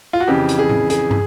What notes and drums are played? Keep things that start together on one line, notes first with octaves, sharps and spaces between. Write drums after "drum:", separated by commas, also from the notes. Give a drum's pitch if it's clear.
F4
F#4
F2 C#3 E3 G4
drum: hi-hat
G#4
drum: tom A2
G#4, drum: hi-hat
drum: tom